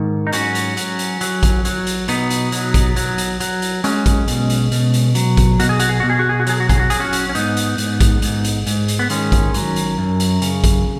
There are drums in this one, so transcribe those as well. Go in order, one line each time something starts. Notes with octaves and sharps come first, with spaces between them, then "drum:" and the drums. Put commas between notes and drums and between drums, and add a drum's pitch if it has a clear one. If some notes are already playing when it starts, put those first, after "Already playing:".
Already playing: G#2 D#3
D#4
F#3 C#4 F#4, drum: hi-hat
drum: hi-hat
F#3, drum: hi-hat
drum: hi-hat
F#3, drum: hi-hat
drum: kick A1, hi-hat
F#3, drum: hi-hat
drum: hi-hat
B2 B3 D#4, drum: hi-hat
drum: hi-hat
F#3, drum: hi-hat
drum: kick A1, hi-hat
F#3, drum: hi-hat
drum: hi-hat
F#3, drum: hi-hat
drum: hi-hat
F#3 G#3 C#4, drum: hi-hat
drum: kick A1, hi-hat
B2, drum: hi-hat
drum: hi-hat
B2, drum: hi-hat
drum: hi-hat
F#3, drum: hi-hat
drum: kick A1, hi-hat
B2 F#4, drum: hi-hat
G#4
F#4, drum: hi-hat
G#4
B2 F#4
G#4
F#4
G#4
F#4
F#3 G#4, drum: hi-hat
F#4
G#4, drum: kick A1, hi-hat
F#4
F#3 G#4, drum: hi-hat
C#4 F#4
drum: hi-hat
C#4
G#2 B3 D#4, drum: hi-hat
drum: hi-hat
G#2, drum: hi-hat
drum: kick A1, hi-hat
G#2, drum: hi-hat
drum: hi-hat
G#2, drum: hi-hat
drum: hi-hat
B3
D#3 G#3 C#4, drum: hi-hat
drum: kick A1, hi-hat
F#3, drum: hi-hat
drum: hi-hat
F#2
drum: hi-hat
C#3, drum: hi-hat
drum: kick A1, hi-hat